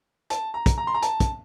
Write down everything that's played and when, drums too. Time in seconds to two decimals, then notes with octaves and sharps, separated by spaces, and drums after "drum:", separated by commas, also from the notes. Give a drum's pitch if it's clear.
0.30 A5, drum: hi-hat
0.54 A#5
0.66 drum: kick, hi-hat
0.78 A#5
0.87 C6
0.94 A#5
1.02 A5, drum: hi-hat
1.20 drum: kick, hi-hat